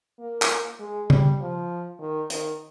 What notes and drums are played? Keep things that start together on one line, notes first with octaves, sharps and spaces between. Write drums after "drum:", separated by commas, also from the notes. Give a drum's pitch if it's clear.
A#3
drum: clap
G#3
G3, drum: tom C#3
F3
D#3
D#3, drum: hi-hat